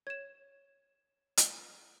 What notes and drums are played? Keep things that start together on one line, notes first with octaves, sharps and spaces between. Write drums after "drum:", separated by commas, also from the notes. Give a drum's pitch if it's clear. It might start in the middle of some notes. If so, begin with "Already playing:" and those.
C#5 G#6 E7
drum: hi-hat